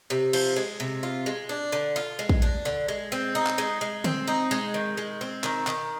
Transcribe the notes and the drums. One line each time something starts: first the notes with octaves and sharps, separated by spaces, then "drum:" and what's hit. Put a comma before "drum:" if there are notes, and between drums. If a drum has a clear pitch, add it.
C3
F3, drum: cymbal
G#3
C3
F4
G#3
D4
D3
F4
G#3
drum: kick
D4
D3
G#3
C4
D#4
drum: clap
G#3
G#3
C4, drum: tom
D#4
G#3
D#3
G#3
C4
D#3, drum: clap
D#3, drum: clap